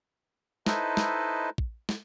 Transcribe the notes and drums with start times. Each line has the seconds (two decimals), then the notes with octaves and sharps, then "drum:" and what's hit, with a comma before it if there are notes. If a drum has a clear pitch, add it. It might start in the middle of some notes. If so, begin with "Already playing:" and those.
0.66 D#4 E4 A4 B4 C5 D#5, drum: snare
0.97 drum: snare
1.58 drum: kick
1.89 drum: snare